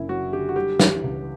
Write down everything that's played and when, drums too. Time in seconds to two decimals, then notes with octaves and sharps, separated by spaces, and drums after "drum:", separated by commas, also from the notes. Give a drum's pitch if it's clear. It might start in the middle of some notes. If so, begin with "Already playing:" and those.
Already playing: F#1 F#2 D3 E4
0.09 F#3 F#4
0.33 D3 G4
0.49 F#4
0.56 G3 G4
0.80 E3, drum: snare
1.04 C#2